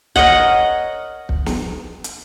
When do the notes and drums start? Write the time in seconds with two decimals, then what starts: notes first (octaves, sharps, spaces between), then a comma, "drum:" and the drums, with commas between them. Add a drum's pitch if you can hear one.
0.16 A#4 C#5 D#5 F#5, drum: kick
1.29 drum: kick
1.46 drum: snare
2.04 drum: hi-hat